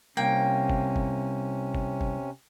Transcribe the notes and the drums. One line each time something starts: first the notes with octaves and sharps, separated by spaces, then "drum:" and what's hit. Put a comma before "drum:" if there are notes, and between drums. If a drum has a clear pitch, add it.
C2 C3 A#3 C#4 G5
drum: kick
drum: kick
drum: kick
drum: kick